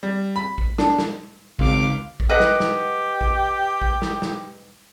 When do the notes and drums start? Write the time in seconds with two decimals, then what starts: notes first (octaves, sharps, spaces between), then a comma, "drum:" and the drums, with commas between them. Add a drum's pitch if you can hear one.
0.03 G3
0.36 B5
0.58 drum: kick A1
0.78 D4, drum: snare
0.98 drum: snare
1.59 G#1 C#2 F5 D6, drum: kick A1
2.20 drum: kick A1
2.29 G4 B4 D#5 F#5
2.40 drum: snare
2.60 drum: snare
3.21 drum: kick A1
3.82 drum: kick A1
4.02 drum: snare
4.22 drum: snare